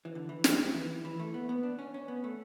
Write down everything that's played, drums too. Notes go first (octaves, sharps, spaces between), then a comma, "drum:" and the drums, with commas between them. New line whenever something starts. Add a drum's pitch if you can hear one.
E3
D3
E3
F#3, drum: snare
E3
E3
A3
B3
B3
D4
C#4
C#4
B3
A3